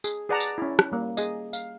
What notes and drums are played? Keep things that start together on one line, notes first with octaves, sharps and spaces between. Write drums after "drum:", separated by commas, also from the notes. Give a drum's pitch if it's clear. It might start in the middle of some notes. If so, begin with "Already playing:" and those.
G#4, drum: tambourine
G#4 B4 D5 F#5 A5 A#5
drum: tambourine
C#4 E4
drum: rim click
G3 A#3
G#4 D#5, drum: tambourine
F5, drum: tambourine